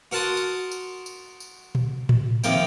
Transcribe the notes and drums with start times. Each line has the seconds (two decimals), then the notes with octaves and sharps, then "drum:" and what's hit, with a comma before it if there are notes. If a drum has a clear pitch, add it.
0.11 F#4 A#4 F#5 A5 C6 D#6
0.37 drum: tambourine
0.71 drum: tambourine
1.06 drum: tambourine
1.40 drum: tambourine
1.75 drum: tom A#2
2.09 drum: tom A2
2.44 D#2 C3 F3 A#3 G5, drum: tambourine